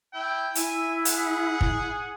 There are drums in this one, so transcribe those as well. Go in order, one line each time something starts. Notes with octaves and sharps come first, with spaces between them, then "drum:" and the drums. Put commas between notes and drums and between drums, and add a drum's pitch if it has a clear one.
E4 G5
E4 E5 G#5, drum: hi-hat
G#4 F#5, drum: hi-hat
drum: kick